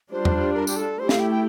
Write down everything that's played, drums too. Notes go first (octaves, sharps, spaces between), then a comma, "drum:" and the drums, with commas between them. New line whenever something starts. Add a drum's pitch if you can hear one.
G3 D4 F4 C5
drum: tom E2
A#4
G4, drum: tambourine
A4
A3 E4 G4 C5
F5, drum: snare
G5
G5